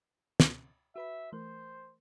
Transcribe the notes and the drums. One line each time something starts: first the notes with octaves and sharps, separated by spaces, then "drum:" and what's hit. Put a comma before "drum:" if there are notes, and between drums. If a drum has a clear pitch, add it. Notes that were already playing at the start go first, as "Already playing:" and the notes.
drum: snare
F#4 B4 E5 B5
E3 A3 A#4 C5